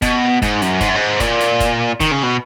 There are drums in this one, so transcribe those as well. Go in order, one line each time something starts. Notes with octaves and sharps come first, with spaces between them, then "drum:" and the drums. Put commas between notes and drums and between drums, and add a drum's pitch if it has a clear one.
B2, drum: kick F#1, hi-hat
G#2, drum: kick F#1, hi-hat
F#2, drum: hi-hat
G#2, drum: kick F#1, hi-hat
F#2
G#2
A#2, drum: kick F#1, hi-hat
drum: hi-hat
drum: kick F#1, hi-hat
D#3, drum: kick F#1, hi-hat
C#3
B2